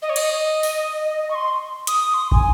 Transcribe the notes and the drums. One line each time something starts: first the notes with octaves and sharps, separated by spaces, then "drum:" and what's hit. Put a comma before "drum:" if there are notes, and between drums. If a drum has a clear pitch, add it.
D#5
C#5
D#5, drum: cymbal
drum: open hi-hat
D#5
D#5
C#6
C6
D#6, drum: hi-hat
C6
G#5, drum: kick